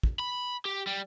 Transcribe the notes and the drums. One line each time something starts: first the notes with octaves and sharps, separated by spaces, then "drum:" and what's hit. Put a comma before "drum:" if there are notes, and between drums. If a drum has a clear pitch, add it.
drum: kick
B5
G4
G3